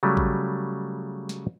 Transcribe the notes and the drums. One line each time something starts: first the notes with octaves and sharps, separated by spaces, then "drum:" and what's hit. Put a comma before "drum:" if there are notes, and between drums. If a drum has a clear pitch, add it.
C#3 F#3 G3 A3
drum: kick A1
drum: snare